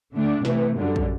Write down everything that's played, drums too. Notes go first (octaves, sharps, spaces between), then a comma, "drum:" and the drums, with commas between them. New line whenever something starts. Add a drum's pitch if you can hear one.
D3 A3 D4
C3 E3 A3, drum: snare
F#2 D3 G3
drum: kick